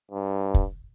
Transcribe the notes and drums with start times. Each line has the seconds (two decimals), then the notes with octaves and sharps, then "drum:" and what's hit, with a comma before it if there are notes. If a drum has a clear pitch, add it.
0.11 G2
0.54 drum: kick